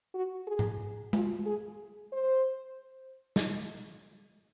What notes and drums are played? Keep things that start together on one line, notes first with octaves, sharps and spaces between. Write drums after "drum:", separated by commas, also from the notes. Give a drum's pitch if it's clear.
F#4
G#4
drum: tom G#2
F4, drum: tom G#3
G#4
C5
drum: snare